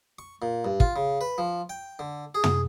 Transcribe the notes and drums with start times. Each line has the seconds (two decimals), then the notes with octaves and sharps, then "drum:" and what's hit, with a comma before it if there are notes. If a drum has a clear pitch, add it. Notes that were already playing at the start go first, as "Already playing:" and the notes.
0.19 C#6
0.42 A#2
0.65 G2
0.80 F4, drum: kick
0.96 C#3
1.21 B4
1.38 F3
1.69 G5
1.99 D3
2.35 G#4
2.44 drum: tom